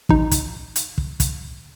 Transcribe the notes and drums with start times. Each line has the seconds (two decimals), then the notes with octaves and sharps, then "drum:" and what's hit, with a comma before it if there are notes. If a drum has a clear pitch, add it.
0.09 A1 D#4, drum: kick
0.31 drum: kick, hi-hat
0.76 drum: hi-hat
0.98 drum: kick
1.20 drum: kick, hi-hat